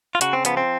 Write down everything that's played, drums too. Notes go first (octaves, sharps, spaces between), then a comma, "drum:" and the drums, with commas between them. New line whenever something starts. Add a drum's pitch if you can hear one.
F4
C#3 F#4, drum: hi-hat
C4
F3 B3, drum: hi-hat
C4